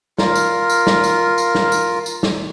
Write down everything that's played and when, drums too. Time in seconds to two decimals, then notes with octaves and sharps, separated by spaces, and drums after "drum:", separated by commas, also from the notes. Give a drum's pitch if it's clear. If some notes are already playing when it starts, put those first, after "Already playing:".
0.18 F4 A#4, drum: snare
0.35 drum: tambourine
0.70 drum: tambourine
0.87 drum: snare
1.04 drum: tambourine
1.38 drum: tambourine
1.55 drum: snare
1.72 drum: tambourine
2.06 drum: tambourine
2.23 drum: snare